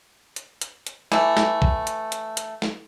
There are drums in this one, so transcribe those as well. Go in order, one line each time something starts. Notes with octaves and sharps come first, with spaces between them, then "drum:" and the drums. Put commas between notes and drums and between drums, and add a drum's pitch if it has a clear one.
drum: hi-hat
drum: hi-hat
drum: hi-hat
E3 A3, drum: snare
drum: snare
drum: kick
drum: hi-hat
drum: hi-hat
drum: hi-hat
drum: snare